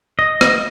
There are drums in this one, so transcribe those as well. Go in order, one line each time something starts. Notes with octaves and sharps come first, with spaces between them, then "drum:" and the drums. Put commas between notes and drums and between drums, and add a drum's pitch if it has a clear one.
D#5
drum: rim click